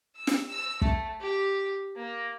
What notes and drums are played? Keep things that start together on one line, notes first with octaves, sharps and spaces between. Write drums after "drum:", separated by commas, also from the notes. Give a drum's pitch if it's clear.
E6
drum: snare
E6
A3, drum: kick
G4
A#3